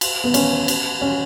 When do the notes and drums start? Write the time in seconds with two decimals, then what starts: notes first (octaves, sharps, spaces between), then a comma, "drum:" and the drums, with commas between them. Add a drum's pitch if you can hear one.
0.01 drum: cymbal
0.24 B3
0.34 C#4, drum: cymbal
0.68 drum: cymbal
1.01 C#4